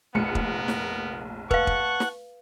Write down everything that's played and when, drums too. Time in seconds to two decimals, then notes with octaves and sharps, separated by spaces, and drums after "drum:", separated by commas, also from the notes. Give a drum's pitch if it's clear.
0.15 F1 A#1 B3 A#4 C#7
0.35 drum: kick
0.68 drum: snare
1.51 B4 F5 F#5 A5 C#6, drum: kick
1.67 drum: kick
2.00 drum: snare